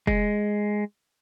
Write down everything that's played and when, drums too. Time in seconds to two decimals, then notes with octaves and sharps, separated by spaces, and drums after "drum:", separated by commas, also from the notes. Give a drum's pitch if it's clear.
0.07 G#3, drum: kick F1